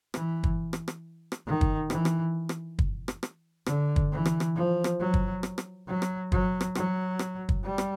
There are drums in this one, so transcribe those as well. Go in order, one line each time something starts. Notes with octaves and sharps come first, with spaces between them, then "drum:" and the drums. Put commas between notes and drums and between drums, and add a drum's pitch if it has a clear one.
E3, drum: rim click
drum: kick
drum: rim click
drum: rim click
drum: rim click
D#3
drum: kick
E3, drum: rim click
drum: rim click
drum: rim click
drum: kick
drum: rim click
drum: rim click
D3, drum: rim click
drum: kick
E3
drum: rim click
drum: rim click
F3
drum: rim click
F#3
drum: kick
drum: rim click
drum: rim click
F#3
drum: rim click
F#3, drum: kick
drum: rim click
F#3, drum: rim click
drum: rim click
drum: kick
G3
drum: rim click